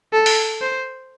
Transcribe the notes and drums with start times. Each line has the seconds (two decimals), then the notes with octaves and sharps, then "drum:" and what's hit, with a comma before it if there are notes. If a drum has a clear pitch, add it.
0.13 A4
0.26 drum: open hi-hat
0.61 C5